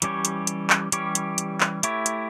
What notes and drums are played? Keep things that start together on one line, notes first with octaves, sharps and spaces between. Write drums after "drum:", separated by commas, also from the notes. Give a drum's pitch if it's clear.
E3 G3 C#4 G4 C#5, drum: hi-hat
drum: hi-hat
drum: hi-hat
drum: clap
E3 G3 C#4 G4 C#5, drum: hi-hat
drum: hi-hat
drum: hi-hat
drum: clap
A3 E4 G4 C#5, drum: hi-hat
drum: hi-hat